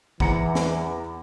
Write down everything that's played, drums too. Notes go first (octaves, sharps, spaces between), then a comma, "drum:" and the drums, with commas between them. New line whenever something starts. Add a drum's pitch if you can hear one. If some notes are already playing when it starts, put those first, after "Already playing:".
E2 E3 A#5 C#7, drum: kick
drum: snare